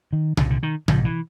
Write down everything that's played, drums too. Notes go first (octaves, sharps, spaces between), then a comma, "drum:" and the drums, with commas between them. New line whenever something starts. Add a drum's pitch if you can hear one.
D#3
C2 A#2 D3, drum: tom C3
D3
D#3
A#1 G#2 F3, drum: tom C3
E3